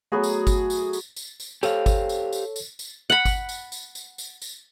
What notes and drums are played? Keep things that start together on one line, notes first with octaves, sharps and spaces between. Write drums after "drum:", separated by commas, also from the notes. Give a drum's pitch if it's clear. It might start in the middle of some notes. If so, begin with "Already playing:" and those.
F#3 A3 B3 F#4 G#4
drum: tambourine
drum: kick G1, tambourine
drum: tambourine
drum: tambourine
drum: tambourine
drum: tambourine
G4 A4 C5 C#5 F5, drum: tambourine
drum: kick G1, tambourine
drum: tambourine
drum: tambourine
drum: tambourine
drum: tambourine
F#5 B5
drum: kick G1, tambourine
drum: tambourine
drum: tambourine
drum: tambourine
drum: tambourine
drum: tambourine